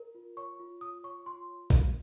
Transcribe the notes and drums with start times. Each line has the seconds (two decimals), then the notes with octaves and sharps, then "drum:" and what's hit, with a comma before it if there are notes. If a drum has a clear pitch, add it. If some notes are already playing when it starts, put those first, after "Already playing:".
Already playing: A#4
0.15 F4
0.37 C#5 C#6
0.60 F4
0.81 F4 D#6
1.04 C#5 C#6
1.26 F4 C6
1.70 drum: kick A1, tambourine